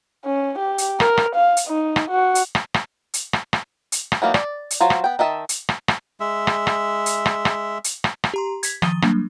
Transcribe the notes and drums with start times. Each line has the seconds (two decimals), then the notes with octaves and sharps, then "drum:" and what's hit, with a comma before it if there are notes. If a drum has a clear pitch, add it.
0.25 C#4
0.59 G4
0.78 drum: hi-hat
1.00 A#4, drum: rim click
1.17 drum: rim click
1.35 F5
1.57 drum: hi-hat
1.68 D#4
1.96 drum: rim click
2.11 F#4
2.35 drum: hi-hat
2.55 drum: rim click
2.74 drum: rim click
3.14 drum: hi-hat
3.33 drum: rim click
3.53 drum: rim click
3.92 drum: hi-hat
4.12 drum: rim click
4.22 E3 F#3 A#3 D#4
4.34 D5, drum: rim click
4.71 drum: hi-hat
4.80 F#3 F4 C5
4.90 drum: rim click
5.04 B3 G5
5.19 D#3 D#5 E5 A5
5.49 drum: hi-hat
5.69 drum: rim click
5.88 drum: rim click
6.20 G#3 E5
6.47 drum: rim click
6.67 drum: rim click
7.06 drum: hi-hat
7.26 drum: rim click
7.45 drum: rim click
7.84 drum: hi-hat
8.04 drum: rim click
8.24 drum: rim click
8.34 G4 A#5 C6
8.63 G#6 B6, drum: hi-hat
8.82 D#3 F3 D#6 A6 D#7 G7, drum: rim click
9.02 F#3 G3 A#3 D4, drum: rim click